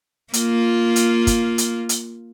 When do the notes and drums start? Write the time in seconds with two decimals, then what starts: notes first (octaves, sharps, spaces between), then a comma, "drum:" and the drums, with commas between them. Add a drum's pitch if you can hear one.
0.33 A#3 F4, drum: hi-hat
0.96 drum: hi-hat
1.27 drum: kick, hi-hat
1.58 drum: hi-hat
1.89 drum: hi-hat